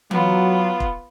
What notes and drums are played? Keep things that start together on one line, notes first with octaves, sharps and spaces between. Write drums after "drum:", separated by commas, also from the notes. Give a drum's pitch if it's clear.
F#3 B3 F4, drum: tom E3
drum: kick E1